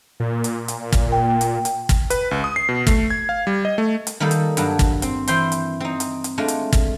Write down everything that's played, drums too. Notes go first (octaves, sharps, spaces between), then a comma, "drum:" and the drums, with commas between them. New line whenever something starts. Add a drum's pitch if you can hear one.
A#2
drum: hi-hat
drum: hi-hat
drum: kick, hi-hat
G5
drum: hi-hat
drum: hi-hat
drum: kick, hi-hat
B4, drum: hi-hat
C#2
D#6
C7
B2
A3, drum: kick, hi-hat
G#6
F5
G3
D#5
A3
drum: hi-hat
D#3 G3 A#3 A4
drum: hi-hat
G2 F#3 D4, drum: hi-hat
drum: kick, hi-hat
C4, drum: hi-hat
E3 C5 E5 G5 C6, drum: hi-hat
drum: hi-hat
C4 D#4
drum: hi-hat
drum: hi-hat
G#3 A3 D4 F4
drum: hi-hat
drum: kick, hi-hat